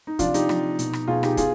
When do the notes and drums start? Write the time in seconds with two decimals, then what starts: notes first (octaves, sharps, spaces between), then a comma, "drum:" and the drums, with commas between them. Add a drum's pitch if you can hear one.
0.07 D#4
0.19 C3 F3 D4 F4, drum: kick, hi-hat
0.34 D#4 G4, drum: hi-hat
0.49 C3 F3, drum: rim click
0.79 B2, drum: hi-hat
0.93 drum: rim click
1.08 B2 F4 G#4
1.23 D#4 G4, drum: rim click
1.37 B2 F4 G#4, drum: kick, hi-hat